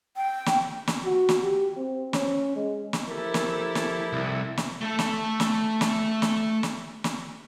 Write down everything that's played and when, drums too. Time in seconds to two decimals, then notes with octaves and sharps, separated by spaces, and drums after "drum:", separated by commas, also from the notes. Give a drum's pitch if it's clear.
0.17 G5
0.46 drum: snare
0.87 drum: snare
1.05 F#4
1.29 drum: snare
1.42 G4
1.77 C4
2.13 C#4, drum: snare
2.56 G#3
2.93 drum: snare
3.09 F3 E4 G4 A4 A#4
3.34 drum: snare
3.75 drum: snare
4.13 C2
4.57 drum: snare
4.81 A3 A4
4.99 drum: snare
5.40 drum: snare
5.81 drum: snare
6.22 drum: snare
6.63 drum: snare
7.04 drum: snare